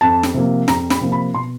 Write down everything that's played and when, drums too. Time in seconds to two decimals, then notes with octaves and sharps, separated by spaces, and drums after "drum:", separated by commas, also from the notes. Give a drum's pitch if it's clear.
0.01 F2 A5
0.23 drum: snare
0.34 C3 F3 A#3
0.68 F2 A#5, drum: snare
0.90 B5, drum: snare
1.01 C3 F3 A#3
1.12 B5
1.34 B2 C6